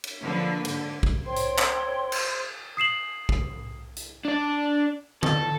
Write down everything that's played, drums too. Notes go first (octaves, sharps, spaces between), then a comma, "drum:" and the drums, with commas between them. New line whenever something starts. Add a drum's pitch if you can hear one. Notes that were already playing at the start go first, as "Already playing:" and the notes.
drum: cymbal
D3 F3 A#3 B4
G#2 D3, drum: cymbal
drum: kick
C5 C#5 G5 C6
drum: hi-hat
drum: clap
drum: cymbal
D#6 C7 E7 F#7
drum: kick
drum: hi-hat
D4 D5
A4, drum: tom D3